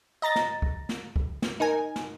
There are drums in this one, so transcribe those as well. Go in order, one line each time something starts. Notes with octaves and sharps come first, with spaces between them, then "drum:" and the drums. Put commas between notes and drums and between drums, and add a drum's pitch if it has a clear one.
D#5 A#5 A6 A#6
drum: snare
drum: kick
drum: snare
drum: kick
drum: snare
D#4 A#4 G#5
drum: snare